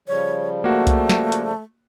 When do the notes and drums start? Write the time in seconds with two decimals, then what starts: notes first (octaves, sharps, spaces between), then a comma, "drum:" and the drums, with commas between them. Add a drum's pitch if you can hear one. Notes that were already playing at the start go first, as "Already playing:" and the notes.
0.08 C#3 F3 G3 C#5
0.64 A3 A#3 F#4
0.87 drum: kick C2, hi-hat
1.09 drum: snare
1.32 drum: hi-hat